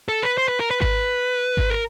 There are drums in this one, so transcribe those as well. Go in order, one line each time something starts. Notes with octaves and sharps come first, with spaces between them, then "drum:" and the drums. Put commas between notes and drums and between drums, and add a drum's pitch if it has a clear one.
A4
B4
C5
B4
A#4
B4
B4, drum: kick G#1
drum: kick G#1
A#4